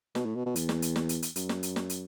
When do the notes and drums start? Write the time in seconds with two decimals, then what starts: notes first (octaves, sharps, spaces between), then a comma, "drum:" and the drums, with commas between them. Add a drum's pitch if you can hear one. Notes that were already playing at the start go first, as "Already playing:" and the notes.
0.15 B2, drum: snare
0.25 A2
0.36 B2
0.46 B2
0.56 E2, drum: hi-hat
0.69 drum: snare
0.82 drum: hi-hat
0.96 drum: snare
1.09 drum: hi-hat
1.22 drum: hi-hat
1.36 F#2, drum: hi-hat
1.49 drum: snare
1.63 drum: hi-hat
1.76 drum: snare
1.90 drum: hi-hat